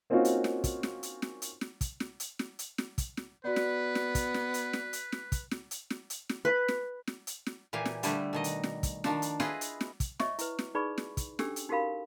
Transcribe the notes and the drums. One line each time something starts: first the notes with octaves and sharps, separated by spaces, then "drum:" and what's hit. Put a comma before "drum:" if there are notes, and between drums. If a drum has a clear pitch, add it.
A#3 C4 C#4 D#4 F4 F#4
drum: hi-hat
drum: snare
drum: kick, hi-hat
drum: snare
drum: hi-hat
drum: snare
drum: hi-hat
drum: snare
drum: kick, hi-hat
drum: snare
drum: hi-hat
drum: snare
drum: hi-hat
drum: snare
drum: kick, hi-hat
drum: snare
B3 F#4 B4 D5
drum: snare
drum: snare
drum: kick, hi-hat
drum: snare
drum: hi-hat
drum: snare
drum: hi-hat
drum: snare
drum: kick, hi-hat
drum: snare
drum: hi-hat
drum: snare
drum: hi-hat
drum: snare
B4
drum: snare
drum: snare
drum: hi-hat
drum: snare
A#2 E3 G4 F5 G#5
drum: snare
D3 G3 A3 E4 B4, drum: hi-hat
B2 D#3 D#5
drum: hi-hat
drum: snare
drum: kick, hi-hat
D#3 F3 D4, drum: snare
drum: hi-hat
E4 F4 G#4 B4 D#5, drum: snare
drum: hi-hat
drum: snare
drum: kick, hi-hat
C#5 D#5 E5 C#6, drum: snare
E4 B4, drum: hi-hat
drum: snare
D#4 G#4 B4 D5 B5 C#6
drum: snare
drum: kick, hi-hat
C#4 D4 G4 A4 G5 E6, drum: snare
drum: hi-hat
D#4 F#4 G4 A#4 F5 B5